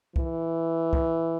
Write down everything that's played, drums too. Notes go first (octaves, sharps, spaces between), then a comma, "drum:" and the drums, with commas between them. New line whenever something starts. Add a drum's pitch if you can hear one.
E3, drum: kick
drum: kick